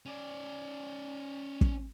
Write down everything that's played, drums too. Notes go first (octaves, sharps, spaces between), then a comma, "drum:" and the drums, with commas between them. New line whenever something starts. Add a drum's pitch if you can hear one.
C#4 D5
drum: kick